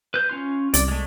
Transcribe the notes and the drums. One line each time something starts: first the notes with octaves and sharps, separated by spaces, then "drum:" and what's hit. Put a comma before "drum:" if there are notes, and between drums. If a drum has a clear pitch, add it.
B4 G6
C#4 F4 C6
C2 D5, drum: hi-hat
G#3 A3